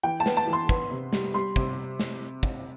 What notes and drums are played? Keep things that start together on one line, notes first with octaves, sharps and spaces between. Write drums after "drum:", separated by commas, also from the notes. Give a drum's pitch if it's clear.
E3 G5
A5
B3, drum: snare
A5
E3
C6
B3, drum: kick
C3
G3, drum: snare
G3 C6
C3, drum: kick
drum: snare
drum: kick